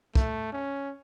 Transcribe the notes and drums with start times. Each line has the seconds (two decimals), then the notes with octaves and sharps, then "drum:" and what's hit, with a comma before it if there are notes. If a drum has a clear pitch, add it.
0.15 A3, drum: kick
0.52 C#4